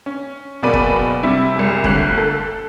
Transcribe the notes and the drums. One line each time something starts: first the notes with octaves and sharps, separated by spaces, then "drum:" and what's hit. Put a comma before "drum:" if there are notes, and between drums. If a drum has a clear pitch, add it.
C#4
F#1 B2 A#3 D5 B5 D#7
drum: kick
C3 G3 E4
F#1 C2
G1 D2 F#6 C7, drum: kick
A4